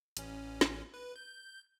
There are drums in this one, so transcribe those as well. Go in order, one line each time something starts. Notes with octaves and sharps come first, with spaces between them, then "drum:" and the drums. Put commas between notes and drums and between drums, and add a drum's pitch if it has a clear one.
A1 C#4, drum: hi-hat
drum: snare
B4
G6